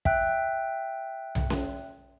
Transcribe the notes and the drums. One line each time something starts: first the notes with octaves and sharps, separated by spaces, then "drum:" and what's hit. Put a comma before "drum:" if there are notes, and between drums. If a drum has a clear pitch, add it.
E5 G5 F#6, drum: kick
drum: tom B1
drum: snare C#4